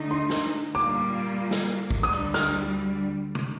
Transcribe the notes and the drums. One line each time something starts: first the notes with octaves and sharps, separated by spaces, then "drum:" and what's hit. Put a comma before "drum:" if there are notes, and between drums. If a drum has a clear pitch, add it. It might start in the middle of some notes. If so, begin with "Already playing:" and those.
Already playing: D3 A3 D#4
C6
drum: snare
A#2 G3 A#3 F4 D6
drum: snare
drum: kick
D2 D3 G3 D#6
drum: hi-hat
F6, drum: snare
drum: tambourine
drum: tom